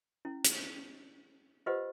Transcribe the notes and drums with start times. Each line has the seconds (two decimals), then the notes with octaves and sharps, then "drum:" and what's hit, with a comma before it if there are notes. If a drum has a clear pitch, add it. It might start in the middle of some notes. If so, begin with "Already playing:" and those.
0.25 C#4 E4
0.44 drum: hi-hat
1.66 F4 G4 B4 C5 D#5 F#5